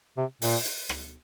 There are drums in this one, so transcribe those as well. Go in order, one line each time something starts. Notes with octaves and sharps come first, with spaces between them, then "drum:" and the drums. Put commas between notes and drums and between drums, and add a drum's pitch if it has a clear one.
C3
A#2, drum: open hi-hat
drum: hi-hat
drum: rim click